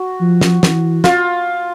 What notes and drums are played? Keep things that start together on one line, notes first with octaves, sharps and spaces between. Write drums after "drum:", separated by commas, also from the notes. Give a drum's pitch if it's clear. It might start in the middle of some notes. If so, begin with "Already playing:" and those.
Already playing: F#4
F3
drum: snare
E3, drum: snare
F4, drum: snare